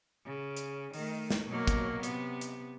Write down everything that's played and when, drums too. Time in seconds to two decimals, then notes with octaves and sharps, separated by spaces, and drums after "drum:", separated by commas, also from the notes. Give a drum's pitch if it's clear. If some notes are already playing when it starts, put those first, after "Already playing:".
0.25 C#3
0.57 drum: hi-hat
0.94 D#3 A3, drum: open hi-hat
1.30 drum: snare
1.48 B2 F#3 A#3
1.67 drum: kick, hi-hat
2.03 C3 B3, drum: hi-hat
2.41 drum: hi-hat